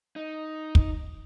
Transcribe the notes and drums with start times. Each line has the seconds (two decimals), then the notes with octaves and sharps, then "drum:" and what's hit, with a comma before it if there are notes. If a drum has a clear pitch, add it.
0.16 D#4
0.75 drum: kick